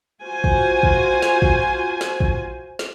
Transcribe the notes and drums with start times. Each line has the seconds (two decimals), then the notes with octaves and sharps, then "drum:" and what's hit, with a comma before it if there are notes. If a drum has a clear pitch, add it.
0.24 F4 F#4 C5 G#5
0.44 drum: kick
0.83 drum: kick
1.22 drum: snare
1.42 drum: kick
2.01 drum: snare
2.20 drum: kick
2.79 drum: snare